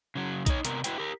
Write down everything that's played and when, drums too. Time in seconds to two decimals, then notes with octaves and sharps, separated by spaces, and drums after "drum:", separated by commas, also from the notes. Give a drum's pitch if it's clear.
0.15 C#3 F#3
0.46 D#4 C#5, drum: kick A#1, hi-hat
0.65 C3 B3 A#4, drum: hi-hat
0.84 E4 F#4 B4 G5, drum: hi-hat
0.98 G4 A#4